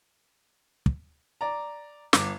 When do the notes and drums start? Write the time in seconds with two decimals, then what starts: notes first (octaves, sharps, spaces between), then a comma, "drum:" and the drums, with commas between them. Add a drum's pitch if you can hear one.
0.86 drum: kick
1.41 D5 A#5
2.13 G1 D6, drum: snare